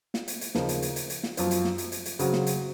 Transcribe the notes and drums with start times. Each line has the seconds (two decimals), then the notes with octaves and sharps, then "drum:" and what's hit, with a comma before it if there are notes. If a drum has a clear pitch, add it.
0.14 drum: snare
0.28 drum: hi-hat
0.41 drum: hi-hat
0.55 D#2 C#3 F3 A#3 D#4, drum: snare
0.69 drum: hi-hat
0.82 drum: hi-hat
0.96 drum: hi-hat
1.10 drum: hi-hat
1.23 drum: snare
1.37 F#2 F3 C4 F4, drum: hi-hat
1.51 drum: hi-hat
1.64 drum: snare
1.78 drum: hi-hat
1.92 drum: hi-hat
2.06 drum: hi-hat
2.19 C#3 F#3 C4 F#4, drum: hi-hat
2.33 drum: snare
2.47 drum: hi-hat